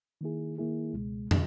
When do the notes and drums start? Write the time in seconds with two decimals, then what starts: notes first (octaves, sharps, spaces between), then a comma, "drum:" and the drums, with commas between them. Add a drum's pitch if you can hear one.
0.21 D#3 A#3 E4 G#4
0.58 D#3 A#3 E4 G#4
0.93 C#2 B2 G#3
1.31 B2, drum: tom